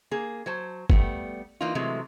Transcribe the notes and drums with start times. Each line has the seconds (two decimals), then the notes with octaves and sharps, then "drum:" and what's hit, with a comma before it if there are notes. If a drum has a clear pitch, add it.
0.11 A#3 G#4
0.46 F#3 C5 A5
0.90 G3 A3 B3, drum: kick G1
1.61 E3 A#3 D4 D#4 F4
1.75 C3 E3 F#3 G#3 A3